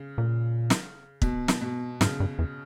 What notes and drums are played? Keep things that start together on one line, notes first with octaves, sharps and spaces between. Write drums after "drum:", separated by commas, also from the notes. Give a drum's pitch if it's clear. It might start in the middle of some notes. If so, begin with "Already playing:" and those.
Already playing: C#3
A#2
drum: snare
B2, drum: kick
drum: snare
B2
G#2 C#3, drum: snare
G2
E2